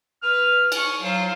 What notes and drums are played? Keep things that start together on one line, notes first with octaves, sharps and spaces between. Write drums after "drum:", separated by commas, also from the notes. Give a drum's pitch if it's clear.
B4 F6
G#5 C#6, drum: cymbal
F#3 F4 C5